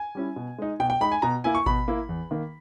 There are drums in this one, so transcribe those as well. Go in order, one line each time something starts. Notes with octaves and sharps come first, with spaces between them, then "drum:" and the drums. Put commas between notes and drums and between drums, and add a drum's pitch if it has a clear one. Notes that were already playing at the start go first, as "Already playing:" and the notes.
Already playing: G#5
G3 C#4 E4
B2
G#3 D#4
B2 G5
G5
G#3 D#4 B5
G#5
B2 A#5
A#3 E4 G#5
C#6
B2 B5, drum: kick G#1
A#3 E4
E2
D#3 A#3